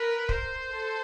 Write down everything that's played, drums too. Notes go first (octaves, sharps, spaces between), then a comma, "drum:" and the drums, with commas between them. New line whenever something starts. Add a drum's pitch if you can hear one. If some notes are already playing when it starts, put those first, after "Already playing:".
Already playing: A#4 B4
C5, drum: kick
A4